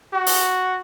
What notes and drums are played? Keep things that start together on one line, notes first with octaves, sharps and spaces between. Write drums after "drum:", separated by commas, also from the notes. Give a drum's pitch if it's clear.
F#4
drum: open hi-hat